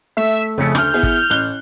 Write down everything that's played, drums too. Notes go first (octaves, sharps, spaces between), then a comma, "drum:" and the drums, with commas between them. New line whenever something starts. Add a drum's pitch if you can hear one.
A3 E5
F2 C#3 A3 C#7
D2 F6 G6, drum: rim click
B3 E4 G#4
drum: kick G#1
A1 F#6 G7